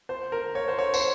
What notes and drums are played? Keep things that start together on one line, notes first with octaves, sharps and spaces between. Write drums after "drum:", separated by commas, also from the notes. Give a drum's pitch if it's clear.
C5
A#4
C#5
C5
C#5
C5, drum: tambourine